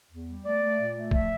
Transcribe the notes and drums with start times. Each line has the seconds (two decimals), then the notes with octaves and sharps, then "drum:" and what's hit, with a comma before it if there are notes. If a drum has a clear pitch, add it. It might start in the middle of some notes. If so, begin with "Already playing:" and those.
0.11 E2
0.28 G3
0.45 A3 D5
0.61 A3
0.78 A#2
0.95 A3
1.11 F3 E5, drum: kick